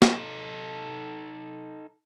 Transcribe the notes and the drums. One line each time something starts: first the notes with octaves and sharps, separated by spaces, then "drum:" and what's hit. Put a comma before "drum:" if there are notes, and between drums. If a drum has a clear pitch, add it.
D#4 A4, drum: snare